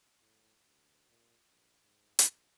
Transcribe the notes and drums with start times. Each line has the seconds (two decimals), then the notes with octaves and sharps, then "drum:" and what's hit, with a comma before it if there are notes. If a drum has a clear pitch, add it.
0.22 A2
0.65 D2
1.10 A#2
1.52 A#1
1.82 G#2
2.19 A#1, drum: hi-hat